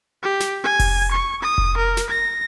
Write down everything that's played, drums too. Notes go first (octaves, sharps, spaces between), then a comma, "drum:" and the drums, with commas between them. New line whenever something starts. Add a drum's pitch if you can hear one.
G4
drum: snare
G#5
drum: kick F1, open hi-hat
C#6
D#6
drum: kick F1
A#4
drum: snare
A#6